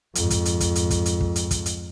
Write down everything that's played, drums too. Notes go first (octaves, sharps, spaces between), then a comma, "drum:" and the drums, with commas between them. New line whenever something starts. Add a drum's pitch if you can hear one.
F2 G#2, drum: hi-hat
drum: kick, hi-hat
drum: hi-hat
drum: kick, hi-hat
drum: hi-hat
drum: kick, hi-hat
drum: hi-hat
drum: kick
drum: hi-hat
drum: kick, hi-hat
drum: hi-hat